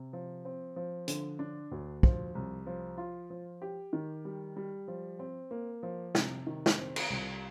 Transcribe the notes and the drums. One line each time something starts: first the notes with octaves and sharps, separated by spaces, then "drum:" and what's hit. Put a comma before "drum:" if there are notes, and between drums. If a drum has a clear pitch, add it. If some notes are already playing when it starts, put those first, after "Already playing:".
Already playing: C3
F3
C4
F3
D3, drum: hi-hat
D4
D2
F3, drum: kick
C2
F3
F4
F3
G4
D#3
G3
G3
F3
C4
A#3
F3
C3, drum: snare
D#3
drum: snare
C4
drum: cymbal
C2